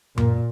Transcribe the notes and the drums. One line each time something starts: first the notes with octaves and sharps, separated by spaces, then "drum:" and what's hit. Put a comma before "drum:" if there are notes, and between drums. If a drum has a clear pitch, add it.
A#2, drum: tom F#2